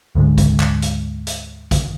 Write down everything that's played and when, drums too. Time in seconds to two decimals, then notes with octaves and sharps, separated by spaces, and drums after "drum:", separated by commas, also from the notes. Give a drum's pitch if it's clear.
0.15 D2 G#2 D3 G#3
0.38 drum: kick A1, hi-hat
0.60 drum: clap
0.82 drum: hi-hat
1.27 drum: hi-hat
1.71 drum: kick A1, hi-hat